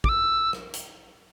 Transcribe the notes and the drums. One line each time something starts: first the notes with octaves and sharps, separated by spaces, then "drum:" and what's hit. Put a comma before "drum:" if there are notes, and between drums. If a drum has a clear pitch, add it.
D6, drum: kick
E6
drum: rim click
drum: hi-hat